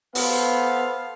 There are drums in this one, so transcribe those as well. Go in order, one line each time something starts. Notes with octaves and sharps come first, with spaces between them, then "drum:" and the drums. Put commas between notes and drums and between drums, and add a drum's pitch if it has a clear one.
B3 A4 C5 F5, drum: open hi-hat